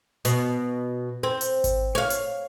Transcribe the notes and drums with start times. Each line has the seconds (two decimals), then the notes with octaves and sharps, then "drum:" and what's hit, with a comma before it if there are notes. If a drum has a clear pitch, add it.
0.25 B2, drum: hi-hat
1.23 C4
1.41 drum: hi-hat
1.64 drum: kick G#1, hi-hat
1.95 C#5 F5
2.10 drum: hi-hat